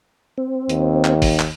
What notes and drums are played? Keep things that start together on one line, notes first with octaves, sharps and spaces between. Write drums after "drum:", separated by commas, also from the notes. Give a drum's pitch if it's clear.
C4
D#2, drum: hi-hat
drum: clap
drum: kick, open hi-hat
drum: clap